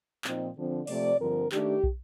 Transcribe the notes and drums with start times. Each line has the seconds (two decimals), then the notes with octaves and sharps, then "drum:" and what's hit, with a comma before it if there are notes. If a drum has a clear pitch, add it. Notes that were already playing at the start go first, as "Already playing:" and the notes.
0.24 A#2 F3 C4 D#4, drum: clap
0.55 D3 F3 C4
0.87 C3 F3 A3 D5, drum: open hi-hat
1.19 G2 D3 F3 C4 A#4
1.52 D#3 A3 D4 G4, drum: clap
1.84 drum: kick